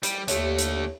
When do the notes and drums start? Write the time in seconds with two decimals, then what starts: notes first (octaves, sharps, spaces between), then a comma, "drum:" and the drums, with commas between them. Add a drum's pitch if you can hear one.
0.03 G3, drum: hi-hat
0.28 D#2 D3 A3 G4 C#5, drum: hi-hat
0.59 drum: hi-hat